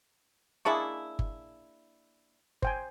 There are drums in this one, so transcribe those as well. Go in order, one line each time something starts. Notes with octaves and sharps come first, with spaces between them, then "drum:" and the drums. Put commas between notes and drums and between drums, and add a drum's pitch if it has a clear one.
A#3 D4 E4 G#4 A5 C#6
drum: kick G1
C5 G5 G#5, drum: kick G1